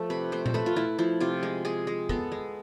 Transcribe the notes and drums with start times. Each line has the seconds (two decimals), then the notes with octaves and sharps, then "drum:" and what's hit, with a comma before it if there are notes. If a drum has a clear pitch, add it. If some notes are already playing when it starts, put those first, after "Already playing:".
Already playing: F3 A3 A4
0.10 C3 B4
0.32 A3 C5
0.46 A4, drum: tom A#2
0.54 A3 B4
0.66 F4
0.76 A3 E4
0.98 F3 E4
1.20 C3 F4
1.43 G#3
1.65 G#3 G#4
1.87 G#3
2.09 B3 A4, drum: kick
2.32 G#3